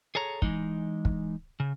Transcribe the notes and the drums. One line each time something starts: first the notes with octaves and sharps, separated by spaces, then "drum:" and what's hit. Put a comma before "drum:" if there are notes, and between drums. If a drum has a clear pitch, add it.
G#4 A4 C#5 A#5
E3 G#3 D#4, drum: kick
drum: kick
C#3